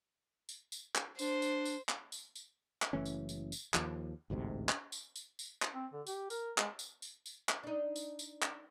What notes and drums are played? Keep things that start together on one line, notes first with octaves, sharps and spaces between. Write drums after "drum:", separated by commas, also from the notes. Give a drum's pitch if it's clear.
drum: tambourine
drum: tambourine
drum: clap
D4 C5, drum: tambourine
drum: tambourine
drum: tambourine
drum: clap
drum: tambourine
drum: tambourine
drum: clap
F#1 E3 A3 C#4
drum: tambourine
drum: tambourine
drum: tambourine
D#2 F3, drum: clap
A1 D2 G#2 C3
drum: clap
drum: tambourine
drum: tambourine
drum: tambourine
drum: clap
C4
D3
G4, drum: tambourine
A#4, drum: tambourine
G#3, drum: clap
drum: tambourine
drum: tambourine
drum: tambourine
drum: clap
D4 D#4
drum: tambourine
drum: tambourine
drum: clap